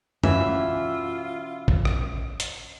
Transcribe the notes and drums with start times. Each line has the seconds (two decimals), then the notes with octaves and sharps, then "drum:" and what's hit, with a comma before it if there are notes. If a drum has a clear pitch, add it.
0.24 B2 E3 C#4 F4 E5, drum: tom F#2
1.68 drum: kick
1.85 drum: rim click
2.40 drum: hi-hat